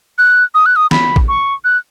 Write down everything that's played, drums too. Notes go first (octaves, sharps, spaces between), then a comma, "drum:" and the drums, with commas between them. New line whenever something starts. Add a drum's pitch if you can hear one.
F#6
D#6
F#6
D#6
B5, drum: snare
drum: kick A1
C#6
F#6